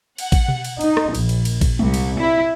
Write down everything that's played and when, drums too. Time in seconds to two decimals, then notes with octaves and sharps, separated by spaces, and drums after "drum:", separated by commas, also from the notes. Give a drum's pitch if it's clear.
0.18 F#5, drum: cymbal
0.32 drum: kick A1, cymbal
0.48 drum: tom B2
0.64 drum: cymbal
0.81 D#4, drum: cymbal
0.97 drum: rim click
1.15 A#1, drum: cymbal
1.29 drum: cymbal
1.45 drum: cymbal
1.61 drum: kick A1, cymbal
1.79 C2, drum: tom G#3
1.94 drum: cymbal
2.18 E4